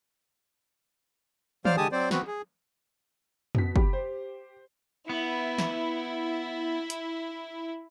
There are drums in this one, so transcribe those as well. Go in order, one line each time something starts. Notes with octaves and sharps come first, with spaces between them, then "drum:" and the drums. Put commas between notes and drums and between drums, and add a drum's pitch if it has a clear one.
F#3 C5 D5 F5 F6, drum: tom D#3
D3 G#3 G4 G#5 A5 D#6
F#3 C4 C5 D5
B3 C4 F#4 B4, drum: snare
G#4
B2 B6, drum: tom
G4 B5, drum: kick
C5
B3 E4
drum: snare
drum: hi-hat